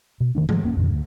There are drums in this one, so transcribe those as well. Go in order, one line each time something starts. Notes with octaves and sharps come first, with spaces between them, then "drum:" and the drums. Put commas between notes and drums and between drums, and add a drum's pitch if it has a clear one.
B2
E1 D#3 A3 D4
D#3 F3 G#3 A3, drum: tom G#2
D#1 A#3 C#4
F2 A#2 D3 D#3
D2